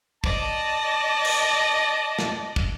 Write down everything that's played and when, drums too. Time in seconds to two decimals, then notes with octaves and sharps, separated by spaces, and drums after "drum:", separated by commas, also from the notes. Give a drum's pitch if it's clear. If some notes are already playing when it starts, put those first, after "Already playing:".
0.24 D5 D#5 A5, drum: kick
1.25 drum: cymbal
2.19 drum: snare
2.56 drum: kick